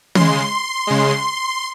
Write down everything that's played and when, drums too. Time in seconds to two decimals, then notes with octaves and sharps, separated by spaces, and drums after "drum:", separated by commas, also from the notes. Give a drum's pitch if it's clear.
0.15 C#3 G#3 C6, drum: tom
0.87 C#3 G#3